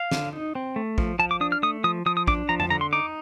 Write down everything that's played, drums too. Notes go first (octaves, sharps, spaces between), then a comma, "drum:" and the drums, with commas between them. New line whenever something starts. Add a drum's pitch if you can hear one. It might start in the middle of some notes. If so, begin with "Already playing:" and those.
Already playing: F5
D3, drum: snare
D#4
C4
A3
F3, drum: kick
F3 A5
D6
D4 D#6
F6
A3 D#6
F3 D#6
F3 D#6
D#6
D4 D6, drum: kick
F3 A#5
A5, drum: tom F2
D3 A#5
C6
D#4 D6